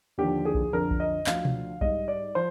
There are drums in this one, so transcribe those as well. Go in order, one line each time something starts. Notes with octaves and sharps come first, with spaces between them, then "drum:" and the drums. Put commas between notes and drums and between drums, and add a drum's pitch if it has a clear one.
D#2 D3 F3 G4
G#4
drum: kick A#1
F2 D3 F3 A#4
drum: kick A#1
D#5
D2 D3 F3 F5, drum: clap
drum: tom B2
G#2 G3 D#5, drum: kick A#1
D5
F3 C5